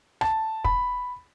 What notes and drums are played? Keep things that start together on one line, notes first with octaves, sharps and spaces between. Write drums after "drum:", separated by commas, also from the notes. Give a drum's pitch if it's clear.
A5, drum: rim click
B5, drum: kick